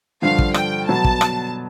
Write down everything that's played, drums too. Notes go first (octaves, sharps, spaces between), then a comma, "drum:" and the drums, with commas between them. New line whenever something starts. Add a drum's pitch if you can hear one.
G2 D3 F3 F5
drum: kick
G5, drum: rim click
B2 F#3 B3 A5
drum: kick
drum: rim click